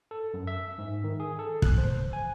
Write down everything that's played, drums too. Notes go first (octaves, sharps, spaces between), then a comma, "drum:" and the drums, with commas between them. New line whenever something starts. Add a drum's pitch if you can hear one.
A4
F#2
E5
G#2
D#3
G#4
A4
F#6, drum: kick
C5
G#5